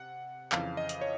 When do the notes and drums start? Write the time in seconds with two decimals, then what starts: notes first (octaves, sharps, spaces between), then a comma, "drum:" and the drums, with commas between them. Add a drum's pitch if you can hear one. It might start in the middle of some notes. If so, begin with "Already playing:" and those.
Already playing: C3 F#5
0.52 F2 C#3 E3 F5, drum: clap
0.77 D#5
0.89 drum: hi-hat
1.01 C#5